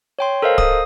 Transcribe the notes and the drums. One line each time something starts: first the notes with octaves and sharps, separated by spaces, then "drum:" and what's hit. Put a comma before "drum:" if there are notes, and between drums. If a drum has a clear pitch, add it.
C#5 G5 C6
A4 A#4 C5 D#5 F5
D#6, drum: kick D1